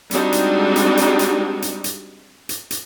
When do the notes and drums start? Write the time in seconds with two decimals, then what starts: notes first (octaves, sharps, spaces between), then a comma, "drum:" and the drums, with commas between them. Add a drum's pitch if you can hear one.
0.11 G3 G#3 C4 D4 D#4 F#4, drum: hi-hat
0.32 drum: hi-hat
0.76 drum: hi-hat
0.97 drum: hi-hat
1.19 drum: hi-hat
1.62 drum: hi-hat
1.84 drum: hi-hat
2.49 drum: hi-hat
2.71 drum: hi-hat